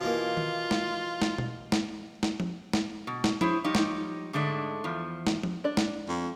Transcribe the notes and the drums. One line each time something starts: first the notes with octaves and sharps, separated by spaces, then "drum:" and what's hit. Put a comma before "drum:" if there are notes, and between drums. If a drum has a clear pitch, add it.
B2 E3 A#3 F4
drum: tom D#3
drum: snare
drum: snare
drum: tom B2
drum: snare
drum: snare
drum: tom F3
drum: snare
B2
drum: snare
E4 G#4 C5 C#5, drum: tom F3
F3 G3 D#4 G4 C#5
drum: snare
G#2 D3 G#3 A3 D4
E2 F3
drum: snare
drum: tom F3
D4 D5
drum: snare
F2